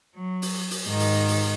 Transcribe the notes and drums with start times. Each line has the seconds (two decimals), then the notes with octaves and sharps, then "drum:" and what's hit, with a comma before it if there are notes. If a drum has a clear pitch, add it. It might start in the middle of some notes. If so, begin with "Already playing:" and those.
0.16 F#3
0.42 drum: open hi-hat
0.71 drum: open hi-hat
0.85 G#2 D#3
0.99 drum: open hi-hat
1.28 drum: open hi-hat